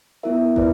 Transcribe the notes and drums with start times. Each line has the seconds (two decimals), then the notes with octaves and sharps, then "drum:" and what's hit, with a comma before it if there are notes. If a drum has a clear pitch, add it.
0.23 B3 E4 A#4 E5
0.56 E4 B4 D5, drum: kick